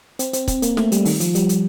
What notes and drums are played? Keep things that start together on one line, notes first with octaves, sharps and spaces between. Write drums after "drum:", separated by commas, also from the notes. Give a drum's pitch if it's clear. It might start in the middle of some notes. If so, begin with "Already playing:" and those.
C4, drum: hi-hat
C4, drum: hi-hat
C4, drum: kick, hi-hat
A#3, drum: hi-hat
A3, drum: snare
G3, drum: hi-hat
D#3, drum: open hi-hat
F3, drum: hi-hat
G3, drum: hi-hat
drum: hi-hat